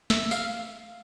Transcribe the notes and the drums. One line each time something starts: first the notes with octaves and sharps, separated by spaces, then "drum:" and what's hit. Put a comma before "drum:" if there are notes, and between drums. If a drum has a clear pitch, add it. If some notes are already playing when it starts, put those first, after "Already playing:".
E5, drum: snare
F5, drum: tambourine